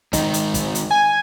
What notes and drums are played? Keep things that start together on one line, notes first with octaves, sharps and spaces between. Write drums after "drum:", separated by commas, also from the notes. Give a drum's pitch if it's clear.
G#2 D#3 D#4, drum: kick, hi-hat
drum: hi-hat
drum: kick, hi-hat
drum: hi-hat
G#5